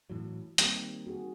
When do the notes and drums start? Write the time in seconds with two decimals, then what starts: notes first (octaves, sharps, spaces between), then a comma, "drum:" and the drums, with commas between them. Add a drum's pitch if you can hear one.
0.10 A2 E3 F#3
0.58 D#3 G3 A#3 C4 G4, drum: hi-hat
1.07 F#4 G#4